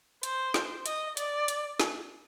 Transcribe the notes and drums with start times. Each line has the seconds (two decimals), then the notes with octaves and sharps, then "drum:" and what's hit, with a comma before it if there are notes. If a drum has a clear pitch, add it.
0.23 C5, drum: hi-hat
0.54 drum: snare
0.86 D#5, drum: hi-hat
1.17 D5, drum: hi-hat
1.48 drum: hi-hat
1.80 drum: snare